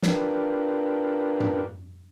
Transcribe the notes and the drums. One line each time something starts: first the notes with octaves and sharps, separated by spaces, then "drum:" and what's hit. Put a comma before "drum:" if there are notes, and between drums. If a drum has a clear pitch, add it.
D4 F4 G4 A#4 B4, drum: snare
drum: tom